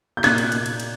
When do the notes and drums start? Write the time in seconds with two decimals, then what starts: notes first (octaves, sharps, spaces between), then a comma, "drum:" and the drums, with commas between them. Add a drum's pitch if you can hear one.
0.17 G6
0.24 A#2 F#6 G#6, drum: snare
0.38 drum: cymbal
0.52 drum: cymbal
0.66 drum: cymbal
0.80 drum: cymbal